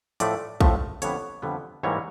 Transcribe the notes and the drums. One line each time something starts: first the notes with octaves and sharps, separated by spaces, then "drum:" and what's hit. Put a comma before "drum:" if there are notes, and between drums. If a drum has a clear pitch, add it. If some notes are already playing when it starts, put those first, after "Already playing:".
A2 F3 A3 D5, drum: hi-hat
A2 F3 A3, drum: kick
F2 D3 G3 B3 C#5, drum: hi-hat
F2 D3 G3 B3
G#2 E3 G3 A#3 C#5